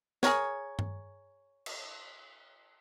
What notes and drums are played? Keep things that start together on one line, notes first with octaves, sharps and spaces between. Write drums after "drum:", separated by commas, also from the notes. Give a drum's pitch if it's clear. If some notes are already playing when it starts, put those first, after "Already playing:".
G#4 A#4 C#5, drum: snare
drum: tom G2
drum: cymbal